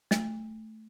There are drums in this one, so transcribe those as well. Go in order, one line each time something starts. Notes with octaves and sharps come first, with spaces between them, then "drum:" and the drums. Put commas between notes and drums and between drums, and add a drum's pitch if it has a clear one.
A3, drum: snare